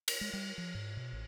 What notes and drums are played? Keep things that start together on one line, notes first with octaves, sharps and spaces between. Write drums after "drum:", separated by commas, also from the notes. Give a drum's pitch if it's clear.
drum: cymbal
G#3
G3
F3
G#2
B2
A1